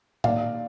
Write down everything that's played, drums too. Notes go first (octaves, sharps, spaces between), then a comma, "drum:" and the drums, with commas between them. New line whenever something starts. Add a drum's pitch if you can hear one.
D#2 D5 F5, drum: tom A2